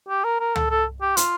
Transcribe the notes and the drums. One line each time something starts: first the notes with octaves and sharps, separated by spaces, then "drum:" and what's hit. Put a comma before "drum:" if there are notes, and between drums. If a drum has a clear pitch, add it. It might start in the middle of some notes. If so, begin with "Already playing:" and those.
G4
A#4
A#4
A4, drum: tom
A4
G4
F4, drum: hi-hat